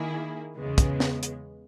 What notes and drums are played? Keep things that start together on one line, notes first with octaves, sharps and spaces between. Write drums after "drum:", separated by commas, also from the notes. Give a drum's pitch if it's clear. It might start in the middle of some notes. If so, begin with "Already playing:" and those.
Already playing: D#3 A#3 E4 G#4
E2 C#3 G#3 B3
drum: kick, hi-hat
drum: snare
drum: hi-hat